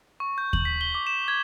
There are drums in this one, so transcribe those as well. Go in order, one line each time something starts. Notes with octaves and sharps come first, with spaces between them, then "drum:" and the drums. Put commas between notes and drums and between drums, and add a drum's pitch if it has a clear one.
C#6
G6
F#7, drum: kick D#2
B6
G7
D6
E7
G#6